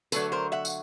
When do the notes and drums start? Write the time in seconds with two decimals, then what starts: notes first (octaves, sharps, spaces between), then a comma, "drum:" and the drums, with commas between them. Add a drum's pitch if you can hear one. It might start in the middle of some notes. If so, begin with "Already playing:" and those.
0.12 D3 F#3 A3 A4 B4, drum: tambourine
0.32 A#4 C5
0.52 E5 F#5
0.65 drum: tambourine